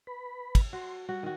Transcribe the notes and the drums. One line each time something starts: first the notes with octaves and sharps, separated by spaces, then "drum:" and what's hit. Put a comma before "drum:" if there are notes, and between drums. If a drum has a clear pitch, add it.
B4 B5
drum: kick, cymbal
F#4 C6
G3 F#4
D#3 F#4